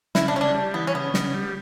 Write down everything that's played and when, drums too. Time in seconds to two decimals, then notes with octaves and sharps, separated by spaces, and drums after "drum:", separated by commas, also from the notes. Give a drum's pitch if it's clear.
0.15 C#3 E4, drum: snare
0.28 D4
0.34 C#3 C#4
0.41 D4
0.55 G3
0.74 E3 B3
0.87 C#4
0.94 C#3 B3
1.14 C#3, drum: snare
1.34 G3